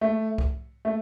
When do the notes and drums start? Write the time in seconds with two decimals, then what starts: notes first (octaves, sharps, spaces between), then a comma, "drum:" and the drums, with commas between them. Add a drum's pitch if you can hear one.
0.01 A3
0.38 drum: kick C2
0.85 A3